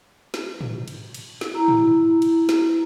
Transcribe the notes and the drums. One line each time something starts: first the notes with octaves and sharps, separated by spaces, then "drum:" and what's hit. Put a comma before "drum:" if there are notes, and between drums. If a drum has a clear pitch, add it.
drum: snare
drum: tom
drum: cymbal
drum: cymbal
drum: snare
E4 A#5
drum: tom
drum: cymbal
drum: snare